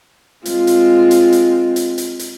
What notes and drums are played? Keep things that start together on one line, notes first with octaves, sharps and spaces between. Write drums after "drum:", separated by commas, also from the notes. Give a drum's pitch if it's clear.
G#3 C4 F4, drum: hi-hat
drum: hi-hat
drum: hi-hat
drum: hi-hat
drum: hi-hat
drum: hi-hat
drum: hi-hat